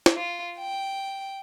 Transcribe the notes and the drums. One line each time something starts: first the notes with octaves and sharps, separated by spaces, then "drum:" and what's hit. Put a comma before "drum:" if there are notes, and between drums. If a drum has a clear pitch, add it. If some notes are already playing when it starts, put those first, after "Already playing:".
drum: snare
F4
G5